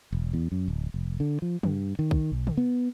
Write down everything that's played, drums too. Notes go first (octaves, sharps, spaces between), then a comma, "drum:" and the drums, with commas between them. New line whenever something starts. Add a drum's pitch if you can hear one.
E1
E2
F#2
D1
F1
D3
F3
G2, drum: tom
D#3
drum: kick
B1
drum: tom
B3